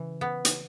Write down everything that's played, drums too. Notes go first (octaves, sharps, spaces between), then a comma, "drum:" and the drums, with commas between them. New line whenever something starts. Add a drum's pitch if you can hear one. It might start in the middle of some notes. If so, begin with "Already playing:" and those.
Already playing: C#3 E3
B3
drum: hi-hat